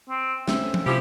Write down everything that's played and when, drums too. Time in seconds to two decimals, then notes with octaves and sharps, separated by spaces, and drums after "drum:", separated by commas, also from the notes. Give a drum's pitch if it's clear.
0.09 C4
0.48 A3 C4 C#4 E5, drum: snare
0.74 drum: tom F3
0.86 C3 F3 E4 G4